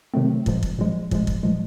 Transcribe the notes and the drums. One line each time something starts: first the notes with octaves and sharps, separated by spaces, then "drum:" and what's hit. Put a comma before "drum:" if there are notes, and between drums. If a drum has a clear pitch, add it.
C3 D#3 F#3 A3 C4
A#2 F3 G#3, drum: kick
drum: kick
A#2 F3 G#3
A#2 F3 G#3, drum: kick
drum: kick
A#2 F3 G#3